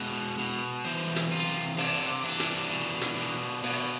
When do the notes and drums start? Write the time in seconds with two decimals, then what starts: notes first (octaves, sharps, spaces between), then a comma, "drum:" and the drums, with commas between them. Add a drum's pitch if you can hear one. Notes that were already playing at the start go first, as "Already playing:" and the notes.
Already playing: B2 G#3 E5
0.39 B2
0.85 E3 C5
1.16 drum: hi-hat
1.31 C3 F4
1.78 C3 D4, drum: open hi-hat
2.24 E3 D4
2.40 drum: hi-hat
2.70 B2
3.01 drum: hi-hat
3.16 B2
3.64 B2, drum: open hi-hat